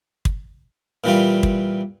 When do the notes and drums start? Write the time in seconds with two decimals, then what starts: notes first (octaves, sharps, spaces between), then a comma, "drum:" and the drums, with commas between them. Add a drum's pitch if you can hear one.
0.25 drum: kick
1.04 A#2 E3 G3 F4
1.43 drum: kick